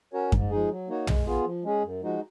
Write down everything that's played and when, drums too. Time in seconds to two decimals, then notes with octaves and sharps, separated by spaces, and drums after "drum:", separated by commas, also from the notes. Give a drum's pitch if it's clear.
0.13 C#4 F#4 A#4 C#5
0.32 G#2, drum: kick F#2
0.50 F3 G#3 D#4 G#4
0.70 F#3
0.88 A#3 D#4 F#4 C#5
1.07 G#3, drum: tom
1.26 B3 F4 G#4
1.45 F3
1.64 G#3 C#4 G#4
1.82 F#2
2.02 F3 G#3 D#4 F#4